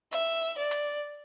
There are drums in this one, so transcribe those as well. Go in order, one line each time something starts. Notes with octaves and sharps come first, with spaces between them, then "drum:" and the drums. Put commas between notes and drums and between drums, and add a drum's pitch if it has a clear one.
E5, drum: hi-hat
D5
drum: hi-hat